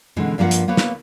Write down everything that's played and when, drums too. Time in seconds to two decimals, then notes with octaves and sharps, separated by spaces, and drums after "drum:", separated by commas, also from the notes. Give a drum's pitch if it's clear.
0.16 B2 D3 E3 G#3 C4 C#4
0.38 G2 F3 A#3 F#4 A#4 F#5
0.51 drum: hi-hat
0.68 A#3 B3 B4 C#5
0.77 drum: snare